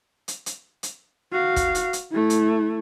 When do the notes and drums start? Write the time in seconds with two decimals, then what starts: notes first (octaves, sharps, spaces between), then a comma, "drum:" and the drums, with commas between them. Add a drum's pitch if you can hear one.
0.28 drum: hi-hat
0.46 drum: hi-hat
0.83 drum: hi-hat
1.32 F#4 F5
1.56 drum: kick, hi-hat
1.75 drum: hi-hat
1.93 drum: hi-hat
2.11 A3 E4
2.30 drum: hi-hat